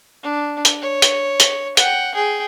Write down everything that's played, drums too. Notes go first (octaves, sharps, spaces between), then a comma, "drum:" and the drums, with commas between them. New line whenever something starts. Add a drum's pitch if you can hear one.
D4
drum: hi-hat
C#5
drum: hi-hat
drum: hi-hat
F#5 G5, drum: hi-hat
G#4 G5